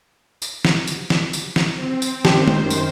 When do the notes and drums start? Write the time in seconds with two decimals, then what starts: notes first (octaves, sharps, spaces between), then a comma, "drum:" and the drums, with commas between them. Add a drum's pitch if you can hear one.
0.42 drum: tambourine
0.65 drum: snare
0.87 drum: tambourine
1.10 drum: snare
1.33 drum: tambourine
1.56 drum: snare
1.75 C4
2.02 drum: tambourine
2.25 F#2 D#3 G4 C5, drum: snare
2.48 drum: tom
2.70 drum: tambourine